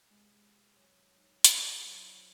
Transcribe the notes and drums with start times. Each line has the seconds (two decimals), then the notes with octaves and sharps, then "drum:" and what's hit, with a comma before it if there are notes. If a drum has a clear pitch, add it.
0.10 C3 G#3
0.75 F#2
1.16 D#4
1.44 D4 E4 F#4, drum: hi-hat
1.85 F#3 F4 C5